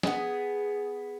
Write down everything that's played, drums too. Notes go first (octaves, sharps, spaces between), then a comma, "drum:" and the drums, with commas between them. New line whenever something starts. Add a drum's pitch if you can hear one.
B3 G#4, drum: snare